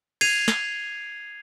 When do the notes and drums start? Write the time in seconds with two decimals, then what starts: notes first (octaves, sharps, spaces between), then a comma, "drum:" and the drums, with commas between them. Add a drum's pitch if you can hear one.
0.21 G#6 C7 D#7 F7, drum: cymbal
0.48 drum: snare